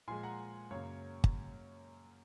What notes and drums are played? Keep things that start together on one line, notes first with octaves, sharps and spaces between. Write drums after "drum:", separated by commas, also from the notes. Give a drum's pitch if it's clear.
A#2 F3 G#3 G#5 C6
F#5 A#5
F#2 C#3 F#3 A#3 C#5 F5
drum: kick